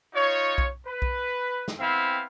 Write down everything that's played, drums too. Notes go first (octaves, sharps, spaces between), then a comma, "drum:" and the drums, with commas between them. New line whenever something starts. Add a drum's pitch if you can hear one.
D#4 F4 C#5
drum: kick B1
B4
drum: kick B1
drum: snare
B3 C4 E4 F5 G5